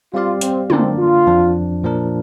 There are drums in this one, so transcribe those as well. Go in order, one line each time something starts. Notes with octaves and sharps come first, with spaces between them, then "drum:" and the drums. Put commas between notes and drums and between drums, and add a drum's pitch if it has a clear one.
G3 C4 F4 G4 D5 F5
C4, drum: hi-hat
D3 A#3 C4 D4 A#4 D5, drum: tom
F4
F2 F3 D4
A#2 F3 A#3 D4 A#4